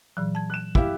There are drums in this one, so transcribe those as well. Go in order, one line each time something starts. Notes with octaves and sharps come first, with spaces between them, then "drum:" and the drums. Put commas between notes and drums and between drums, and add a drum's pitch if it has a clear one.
A#2 E3 F#3
A5 G#6
F#6 E7
E4 G4 F5, drum: kick